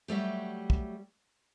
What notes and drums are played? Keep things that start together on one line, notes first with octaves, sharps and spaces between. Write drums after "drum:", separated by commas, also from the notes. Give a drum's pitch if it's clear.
F#3 G3 A3 G4
drum: kick